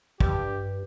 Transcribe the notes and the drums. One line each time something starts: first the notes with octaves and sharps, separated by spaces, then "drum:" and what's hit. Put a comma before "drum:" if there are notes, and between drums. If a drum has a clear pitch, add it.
G2 G4, drum: kick